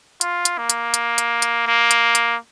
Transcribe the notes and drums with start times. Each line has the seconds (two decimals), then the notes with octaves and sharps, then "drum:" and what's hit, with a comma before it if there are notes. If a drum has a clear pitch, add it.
0.21 F4, drum: hi-hat
0.45 drum: hi-hat
0.58 A#3
0.70 drum: hi-hat
0.94 drum: hi-hat
1.18 drum: hi-hat
1.42 drum: hi-hat
1.67 A#3
1.91 drum: hi-hat
2.15 drum: hi-hat